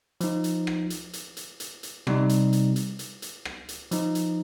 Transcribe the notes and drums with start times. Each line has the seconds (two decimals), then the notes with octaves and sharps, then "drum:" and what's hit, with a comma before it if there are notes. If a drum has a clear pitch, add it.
0.21 F3 D#4, drum: hi-hat
0.44 drum: hi-hat
0.67 drum: rim click
0.90 drum: hi-hat
1.13 drum: hi-hat
1.37 drum: hi-hat
1.60 drum: hi-hat
1.83 drum: hi-hat
2.07 C3 G3 D#4, drum: rim click
2.29 drum: hi-hat
2.53 drum: hi-hat
2.76 drum: hi-hat
2.99 drum: hi-hat
3.22 drum: hi-hat
3.45 drum: rim click
3.69 drum: hi-hat
3.91 F3 D#4, drum: hi-hat
4.15 drum: hi-hat